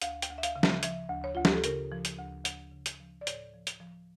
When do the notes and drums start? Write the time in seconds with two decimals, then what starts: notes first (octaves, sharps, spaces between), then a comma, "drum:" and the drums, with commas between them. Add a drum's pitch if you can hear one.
0.02 D2 F5, drum: hi-hat
0.22 G5, drum: hi-hat
0.30 D2
0.38 E5
0.43 F5, drum: hi-hat
0.56 C#3
0.63 E5, drum: snare
0.83 F3 E5, drum: hi-hat
1.10 D2
1.24 C#5
1.35 D2 F4
1.45 G4, drum: snare
1.54 A4
1.64 C#3 A#4, drum: hi-hat
1.92 F3
2.05 drum: hi-hat
2.19 D2
2.45 D2, drum: hi-hat
2.72 C#3
2.86 drum: hi-hat
3.00 F3
3.21 D5
3.27 A2 C#5, drum: hi-hat
3.54 F3
3.67 drum: hi-hat
3.80 F3